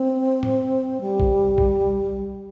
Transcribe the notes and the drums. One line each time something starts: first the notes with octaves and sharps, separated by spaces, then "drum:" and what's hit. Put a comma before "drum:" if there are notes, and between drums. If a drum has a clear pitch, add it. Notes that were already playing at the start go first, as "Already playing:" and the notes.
Already playing: C4
drum: tom
G3
drum: kick A#1
drum: kick A#1